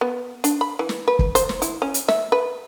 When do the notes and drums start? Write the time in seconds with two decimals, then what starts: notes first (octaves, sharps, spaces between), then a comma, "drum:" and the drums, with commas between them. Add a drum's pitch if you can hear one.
0.01 B3
0.44 D4, drum: hi-hat
0.61 B5
0.79 E3
0.89 drum: snare
1.08 B4
1.19 drum: kick
1.35 C5, drum: hi-hat
1.49 drum: snare
1.62 E4, drum: hi-hat
1.82 C#4
1.94 drum: hi-hat
2.08 E5, drum: snare
2.32 B4